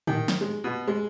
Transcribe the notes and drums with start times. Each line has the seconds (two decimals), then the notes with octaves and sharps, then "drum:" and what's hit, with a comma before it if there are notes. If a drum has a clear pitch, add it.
0.07 D#3, drum: tom A2
0.28 drum: snare
0.41 G#3
0.64 B2
0.87 G#3